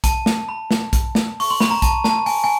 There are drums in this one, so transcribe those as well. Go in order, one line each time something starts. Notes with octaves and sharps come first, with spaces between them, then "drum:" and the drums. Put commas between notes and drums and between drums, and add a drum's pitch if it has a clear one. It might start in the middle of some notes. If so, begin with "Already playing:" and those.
A5, drum: kick, hi-hat
drum: snare
B5
drum: snare
drum: kick, hi-hat
drum: snare
C#6, drum: open hi-hat
C6
B5, drum: snare
A#5
A5, drum: kick, hi-hat
A5, drum: snare
G#5, drum: open hi-hat
G#5